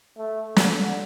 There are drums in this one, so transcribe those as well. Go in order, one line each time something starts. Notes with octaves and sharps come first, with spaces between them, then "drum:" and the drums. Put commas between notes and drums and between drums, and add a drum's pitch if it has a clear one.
A3
D3, drum: snare